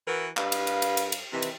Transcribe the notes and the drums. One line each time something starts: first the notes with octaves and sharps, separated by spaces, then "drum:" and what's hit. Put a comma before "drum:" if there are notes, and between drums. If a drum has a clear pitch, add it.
E3 E4 F#4 A#4 B4
G2 B4 D#5 F5, drum: clap
drum: cymbal
drum: cymbal
drum: cymbal
drum: cymbal
drum: cymbal
C3 D#3 E3
drum: cymbal